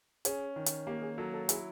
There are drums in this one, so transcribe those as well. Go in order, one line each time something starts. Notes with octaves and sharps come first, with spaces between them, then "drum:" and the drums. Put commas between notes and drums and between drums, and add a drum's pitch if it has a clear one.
C#4 G#4, drum: hi-hat
D#3
drum: hi-hat
A#3 G4
G#4
F#3 A4
A4
E4 G#4, drum: hi-hat